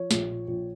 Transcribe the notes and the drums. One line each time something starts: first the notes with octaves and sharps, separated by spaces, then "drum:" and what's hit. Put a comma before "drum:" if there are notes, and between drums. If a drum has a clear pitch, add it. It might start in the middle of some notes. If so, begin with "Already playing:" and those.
Already playing: F3 C#5
A#1, drum: snare
A#2
A#1